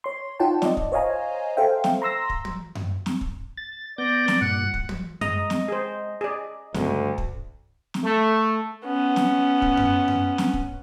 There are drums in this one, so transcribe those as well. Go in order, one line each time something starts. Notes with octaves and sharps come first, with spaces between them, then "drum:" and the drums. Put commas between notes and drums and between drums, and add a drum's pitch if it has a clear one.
C#5 C6
D#4 F4 C#5 F#5 G5 A5
D5 D#5, drum: snare
drum: kick
C5 C#5 D#5 F5 G#5 A#5
A4 C5 E5 F5 G5
drum: snare
A#5 C6 E6 A#6
drum: kick
drum: tom
drum: tom F#2
drum: snare
drum: kick
A6
B3 D5 G6 A#6
drum: snare
G2 A#2 F#5
drum: kick
drum: tom
G#3 D#5 A#5, drum: tom F#2
drum: snare
G#4 C5
G#4 D5
D2 G2 C#3 G#3, drum: snare
drum: kick
drum: snare
A3
B3 C#4
drum: snare
drum: kick
drum: tom F#2
drum: tom F#2
drum: snare
drum: kick